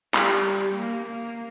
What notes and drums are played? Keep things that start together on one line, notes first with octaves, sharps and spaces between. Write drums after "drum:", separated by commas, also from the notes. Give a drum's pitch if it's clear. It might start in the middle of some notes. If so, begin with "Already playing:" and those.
G3, drum: clap
A#3
A#3